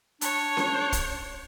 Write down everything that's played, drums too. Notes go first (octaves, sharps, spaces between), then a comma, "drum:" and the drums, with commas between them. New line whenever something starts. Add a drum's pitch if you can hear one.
D4 C#5, drum: hi-hat
drum: snare C#4
drum: kick, hi-hat